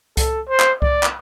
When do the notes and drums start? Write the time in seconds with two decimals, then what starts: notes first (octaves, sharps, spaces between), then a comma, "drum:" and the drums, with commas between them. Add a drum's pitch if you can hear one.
0.17 A4, drum: kick C2, hi-hat
0.49 C5
0.60 drum: clap
0.82 D5, drum: kick C2
1.03 drum: clap